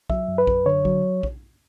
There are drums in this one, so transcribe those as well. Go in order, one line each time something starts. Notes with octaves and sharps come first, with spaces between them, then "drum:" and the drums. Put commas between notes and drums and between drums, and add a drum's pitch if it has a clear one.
F#3 E5, drum: kick A#1
F#2
B4
F#2, drum: kick A#1
D3 C#5
F#3, drum: kick A#1
drum: kick A#1